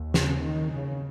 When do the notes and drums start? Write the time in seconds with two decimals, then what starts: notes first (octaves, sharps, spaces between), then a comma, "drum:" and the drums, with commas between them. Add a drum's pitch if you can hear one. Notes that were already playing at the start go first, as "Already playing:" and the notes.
Already playing: D#2
0.14 C#3, drum: snare
0.42 D#3
0.72 C#3